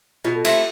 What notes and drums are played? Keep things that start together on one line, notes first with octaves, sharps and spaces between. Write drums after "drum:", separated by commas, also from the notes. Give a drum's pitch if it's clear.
B2 F4
A4
A3 C4 E4 G4, drum: cymbal
G4